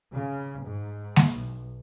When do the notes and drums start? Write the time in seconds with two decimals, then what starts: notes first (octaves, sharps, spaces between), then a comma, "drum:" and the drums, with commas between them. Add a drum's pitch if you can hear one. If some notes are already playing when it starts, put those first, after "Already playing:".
0.14 C#3
0.64 G#2
1.16 drum: snare G#3
1.33 B1